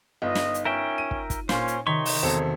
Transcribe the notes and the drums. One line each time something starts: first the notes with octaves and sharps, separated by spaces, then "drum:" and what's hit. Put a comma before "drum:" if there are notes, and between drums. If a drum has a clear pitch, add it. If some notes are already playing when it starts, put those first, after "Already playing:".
G1 D#4 F4 D#5
drum: snare
drum: hi-hat
C#4 A#4 E5 G5
D#7
drum: kick
drum: kick, hi-hat
A#2 C#4 C5, drum: snare
drum: hi-hat
C3 D#3 D#4 C#5 C6 C#6 B6
drum: open hi-hat
E1 C4 A4